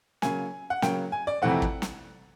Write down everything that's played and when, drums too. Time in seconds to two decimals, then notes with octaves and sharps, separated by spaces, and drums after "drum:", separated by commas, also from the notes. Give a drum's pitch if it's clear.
0.22 C#3 F#3 A#3 G#5, drum: snare
0.70 F#5
0.82 C#3 F#3 A#3 G5, drum: snare
1.12 G#5
1.27 D5
1.42 F2 C3 E3 A3 C4 F#5
1.62 drum: kick
1.82 drum: snare